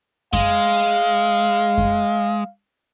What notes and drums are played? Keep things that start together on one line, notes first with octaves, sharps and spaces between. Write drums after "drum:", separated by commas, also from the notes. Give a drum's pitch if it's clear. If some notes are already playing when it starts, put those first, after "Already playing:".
G#3 F5, drum: kick F#2
drum: kick F#2